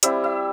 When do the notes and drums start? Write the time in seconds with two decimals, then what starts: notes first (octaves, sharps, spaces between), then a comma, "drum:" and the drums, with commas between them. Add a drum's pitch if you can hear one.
0.03 G3 C4 E4 E5, drum: hi-hat
0.24 E5